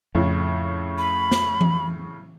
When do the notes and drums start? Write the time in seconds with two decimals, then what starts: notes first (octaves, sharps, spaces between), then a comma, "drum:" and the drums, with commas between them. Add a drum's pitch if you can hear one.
0.15 F2 A2 C#3
0.98 B5
1.31 drum: snare
1.61 drum: tom E3